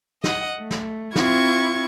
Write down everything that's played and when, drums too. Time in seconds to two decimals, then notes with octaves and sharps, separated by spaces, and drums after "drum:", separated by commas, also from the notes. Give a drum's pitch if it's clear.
0.24 D#5 F#5, drum: snare
0.59 A3
0.71 drum: snare
1.16 C4 E4 F4 C#6 G#6, drum: snare